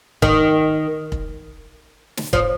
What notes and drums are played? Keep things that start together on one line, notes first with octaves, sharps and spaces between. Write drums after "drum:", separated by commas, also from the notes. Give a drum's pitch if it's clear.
D#3, drum: kick
drum: kick
drum: snare
F3, drum: kick